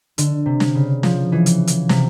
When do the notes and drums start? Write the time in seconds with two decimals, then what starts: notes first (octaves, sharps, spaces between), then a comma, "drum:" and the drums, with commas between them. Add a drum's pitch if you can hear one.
0.18 D3, drum: hi-hat
0.46 C3
0.60 drum: snare
0.75 C#3
1.03 F3, drum: snare
1.32 E3
1.46 drum: hi-hat
1.67 drum: hi-hat
1.89 C3, drum: snare